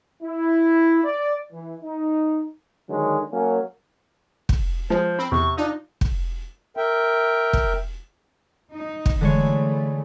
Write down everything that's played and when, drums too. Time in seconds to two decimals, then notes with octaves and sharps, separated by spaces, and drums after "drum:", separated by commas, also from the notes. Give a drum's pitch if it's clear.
0.23 E4
1.04 D5
1.52 E3
1.83 D#4
2.89 D3 D#3 F#3 G#3
3.31 F#3 A#3 C#4
4.49 drum: kick
4.90 F3 G#3 C5
5.19 C4 B5
5.32 E2 C3 C#6
5.57 D4 D#4 F4
6.01 drum: kick
6.77 A#4 E5 G5
7.53 drum: kick
8.74 D#4
9.06 drum: kick
9.21 D3 E3 G#3 A3 C#5